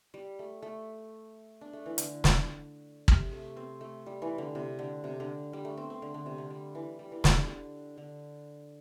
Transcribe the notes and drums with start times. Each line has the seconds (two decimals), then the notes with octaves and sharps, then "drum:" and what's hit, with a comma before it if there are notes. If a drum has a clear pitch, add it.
0.14 G3
0.39 A3
0.62 A3
1.61 D4
1.73 A3
1.86 E3
1.98 D3, drum: hi-hat
2.24 drum: snare
3.08 C3, drum: kick
3.32 A3
3.57 C4
3.81 A3
4.06 G3
4.22 E3
4.38 D3
4.55 C3
4.79 D3
5.04 C3
5.20 D3
5.53 G3
5.65 A3
5.77 C4
5.90 C4
6.02 D3
6.14 D3
6.26 C3
6.38 D3
6.50 G3
6.75 E3
6.99 G3
7.12 E3
7.24 D3, drum: snare
7.36 D3
7.48 D3
7.98 D3